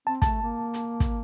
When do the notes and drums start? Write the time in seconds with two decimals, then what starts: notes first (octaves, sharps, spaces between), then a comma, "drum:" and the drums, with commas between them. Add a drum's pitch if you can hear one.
0.07 C4 A5
0.22 A3 A5, drum: kick, hi-hat
0.42 A#3
0.74 drum: hi-hat
1.00 drum: kick, hi-hat